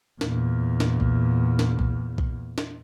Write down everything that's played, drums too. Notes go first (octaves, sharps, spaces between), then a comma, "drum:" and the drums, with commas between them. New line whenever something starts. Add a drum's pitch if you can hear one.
E2 A#2, drum: snare D4
drum: snare D4
drum: kick B1
drum: snare D4
drum: kick B1
drum: kick B1
drum: snare D4